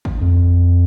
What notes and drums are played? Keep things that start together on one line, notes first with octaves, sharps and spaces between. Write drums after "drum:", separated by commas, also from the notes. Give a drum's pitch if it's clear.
drum: kick G#1
F2